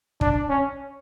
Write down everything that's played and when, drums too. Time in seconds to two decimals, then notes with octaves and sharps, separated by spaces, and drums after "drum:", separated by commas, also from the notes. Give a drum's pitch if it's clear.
0.21 D4, drum: kick
0.49 C#4